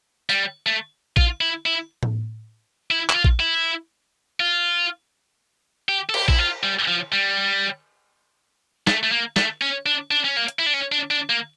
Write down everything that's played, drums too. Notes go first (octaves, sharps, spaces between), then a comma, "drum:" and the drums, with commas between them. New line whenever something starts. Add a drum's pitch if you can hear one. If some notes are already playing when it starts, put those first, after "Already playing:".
G3, drum: open hi-hat
A3
F4, drum: kick A#1
E4
E4
drum: tom A2
E4
E4, drum: clap
F4
drum: kick A#1
E4
F4
G4
A4
G4, drum: cymbal
E4, drum: kick A#1
F4
G3
F3
G3
A3, drum: snare
A3
A#3
A3, drum: snare
C#4
D4
D4
C#4
A#3
drum: hi-hat
E4
D4
C#4
D4
D4
A#3